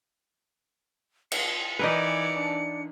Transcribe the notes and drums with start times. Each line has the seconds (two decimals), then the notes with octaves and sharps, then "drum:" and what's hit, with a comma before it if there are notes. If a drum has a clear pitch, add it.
1.32 C#7, drum: cymbal
1.79 E3 D#4 A#4 B4 D5 G#5
2.36 D4